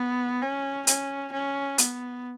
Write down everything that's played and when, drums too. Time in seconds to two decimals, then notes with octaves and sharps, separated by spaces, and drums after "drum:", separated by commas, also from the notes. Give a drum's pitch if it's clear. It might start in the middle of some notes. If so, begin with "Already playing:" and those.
Already playing: B3
0.42 C#4
0.87 C#4, drum: hi-hat
1.33 C#4
1.78 B3, drum: hi-hat